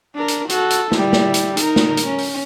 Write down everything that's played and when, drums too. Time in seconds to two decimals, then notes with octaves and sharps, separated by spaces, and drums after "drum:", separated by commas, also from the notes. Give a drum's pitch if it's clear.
0.15 D4 A#4
0.28 drum: hi-hat
0.49 F#4 A4, drum: hi-hat
0.70 drum: hi-hat
0.92 G3 E4, drum: snare
1.13 drum: snare
1.34 drum: hi-hat
1.57 D#4 A#4, drum: hi-hat
1.76 drum: snare
1.97 drum: hi-hat
2.07 C#4
2.18 drum: open hi-hat